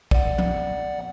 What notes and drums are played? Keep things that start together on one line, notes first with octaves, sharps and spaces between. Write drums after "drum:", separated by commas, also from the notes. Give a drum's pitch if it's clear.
D5 F#5, drum: kick
drum: tom F3